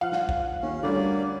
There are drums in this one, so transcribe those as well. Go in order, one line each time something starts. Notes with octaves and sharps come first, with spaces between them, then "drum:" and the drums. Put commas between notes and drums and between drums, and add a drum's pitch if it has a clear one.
F3 F5 F#5
drum: snare
drum: kick
D#2 C#4
D2 D3 G3 A#3 C#4 D5